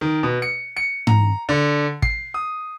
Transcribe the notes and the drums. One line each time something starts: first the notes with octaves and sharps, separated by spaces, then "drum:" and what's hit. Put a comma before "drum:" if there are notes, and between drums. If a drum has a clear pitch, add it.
D#3
B2
C#7
C#7
A#5, drum: tom G#2
D3
C7, drum: kick
D#6